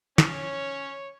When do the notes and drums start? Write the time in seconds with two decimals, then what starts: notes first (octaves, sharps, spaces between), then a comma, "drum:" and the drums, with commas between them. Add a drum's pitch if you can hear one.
0.18 C#4 C#5, drum: snare